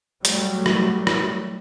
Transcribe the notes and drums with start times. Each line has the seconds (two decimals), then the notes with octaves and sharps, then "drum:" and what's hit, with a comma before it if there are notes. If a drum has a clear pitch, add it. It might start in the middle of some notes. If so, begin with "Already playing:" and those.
0.25 F#3 G3 A3, drum: hi-hat
0.66 drum: rim click
1.07 drum: rim click